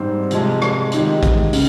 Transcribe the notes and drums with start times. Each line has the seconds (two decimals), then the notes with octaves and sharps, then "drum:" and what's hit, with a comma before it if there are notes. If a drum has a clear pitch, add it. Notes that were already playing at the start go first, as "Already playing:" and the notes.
Already playing: G#2 G3 C4 D#4
0.31 C3 F3 G#3, drum: hi-hat
0.62 drum: rim click
0.92 D#3 G#3 D#4 G4, drum: hi-hat
1.23 drum: kick, hi-hat
1.53 C#3, drum: open hi-hat